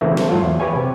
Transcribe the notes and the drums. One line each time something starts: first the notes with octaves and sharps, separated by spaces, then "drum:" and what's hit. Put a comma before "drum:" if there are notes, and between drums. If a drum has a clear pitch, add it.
C#3 E3 A3 A#3 C4
A4 C5, drum: snare
G#2 F#3 F4
E2
G4 B4 C#5 G#5
C3